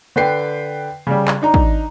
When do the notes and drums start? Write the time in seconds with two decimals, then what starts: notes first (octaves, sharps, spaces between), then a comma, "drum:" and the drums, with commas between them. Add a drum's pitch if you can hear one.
0.16 D3 B4 G5 C7
1.07 C#3 G3
1.28 drum: clap
1.42 D4 D#4 A#5
1.54 drum: kick